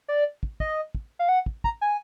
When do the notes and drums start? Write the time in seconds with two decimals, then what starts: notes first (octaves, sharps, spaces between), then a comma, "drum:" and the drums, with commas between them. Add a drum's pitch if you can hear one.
0.08 D5
0.43 drum: kick
0.60 D#5, drum: kick
0.95 drum: kick
1.19 F5
1.29 F#5
1.46 drum: kick
1.64 A#5, drum: kick
1.81 G#5